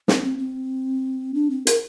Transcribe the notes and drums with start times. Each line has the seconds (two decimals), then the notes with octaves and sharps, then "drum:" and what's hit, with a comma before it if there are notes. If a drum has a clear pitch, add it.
0.08 C4, drum: snare
0.23 C4
0.39 C4
1.34 D4
1.50 C4
1.67 A#4, drum: hi-hat